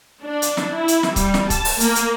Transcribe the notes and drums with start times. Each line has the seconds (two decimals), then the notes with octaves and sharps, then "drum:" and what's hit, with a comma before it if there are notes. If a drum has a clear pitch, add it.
0.23 D4
0.42 drum: hi-hat
0.57 drum: snare
0.76 E4
0.88 drum: hi-hat
1.03 drum: snare
1.16 G3, drum: kick C#1, hi-hat
1.34 drum: snare
1.50 A5, drum: kick C#1, hi-hat
1.65 drum: open hi-hat
1.80 A#3, drum: hi-hat
1.95 drum: hi-hat